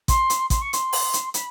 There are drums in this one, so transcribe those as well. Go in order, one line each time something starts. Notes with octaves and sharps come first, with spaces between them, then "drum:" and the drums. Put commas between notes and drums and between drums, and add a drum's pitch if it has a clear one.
C6, drum: kick, hi-hat
drum: hi-hat
C6, drum: kick, hi-hat
C#6
C6, drum: hi-hat
drum: open hi-hat
drum: hi-hat
B5, drum: hi-hat